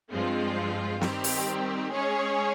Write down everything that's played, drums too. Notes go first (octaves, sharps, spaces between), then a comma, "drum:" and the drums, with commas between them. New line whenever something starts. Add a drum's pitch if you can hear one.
G2 F3 G#3 C4 F4
D#3 G3 C4 G4, drum: snare
drum: open hi-hat
G#3 C#4 G#4 C#5